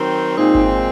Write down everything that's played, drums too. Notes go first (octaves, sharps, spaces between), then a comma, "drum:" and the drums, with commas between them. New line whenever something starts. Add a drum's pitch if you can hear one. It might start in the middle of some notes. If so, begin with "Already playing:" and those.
Already playing: D#3 F#3 C4
A#2 G#3 C4 D#4
drum: kick G#1